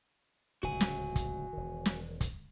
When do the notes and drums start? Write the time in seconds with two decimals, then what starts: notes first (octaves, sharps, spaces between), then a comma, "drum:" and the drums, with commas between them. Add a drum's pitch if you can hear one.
0.63 D1 C#2 F#4 G#5
0.81 drum: snare
1.16 drum: kick, hi-hat
1.53 E1 D#3
1.86 drum: snare
2.21 drum: kick, hi-hat